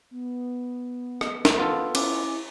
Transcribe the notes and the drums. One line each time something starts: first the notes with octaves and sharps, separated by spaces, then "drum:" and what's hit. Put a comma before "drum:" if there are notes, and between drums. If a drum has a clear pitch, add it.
B3
drum: rim click
drum: snare
B3 F4 A4
C#4 E4 D6, drum: cymbal